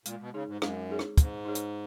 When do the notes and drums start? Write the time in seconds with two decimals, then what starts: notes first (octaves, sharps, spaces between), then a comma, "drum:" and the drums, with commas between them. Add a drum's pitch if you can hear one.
0.05 A#2 G#3, drum: hi-hat
0.20 B2
0.34 C#3 D#4 G#4 C#5
0.48 G#2
0.62 F#2 G#3, drum: rim click
0.89 D#4 G#4 C#5
0.99 drum: rim click
1.18 G#2 G#3, drum: kick, hi-hat
1.45 D#4 G#4 C#5
1.55 drum: hi-hat